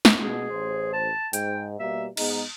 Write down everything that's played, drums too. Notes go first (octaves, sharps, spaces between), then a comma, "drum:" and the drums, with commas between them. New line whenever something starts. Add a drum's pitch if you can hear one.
drum: snare
B2 G#4
A1 C5
A5
G#2 G5, drum: hi-hat
B2 G3 A#3 E5
G#2 G#3 B3 D#4, drum: cymbal